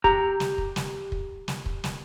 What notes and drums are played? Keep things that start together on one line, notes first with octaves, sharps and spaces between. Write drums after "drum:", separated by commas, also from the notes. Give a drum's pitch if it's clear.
G4 A#5, drum: kick
drum: snare
drum: kick
drum: snare
drum: kick
drum: snare
drum: kick
drum: snare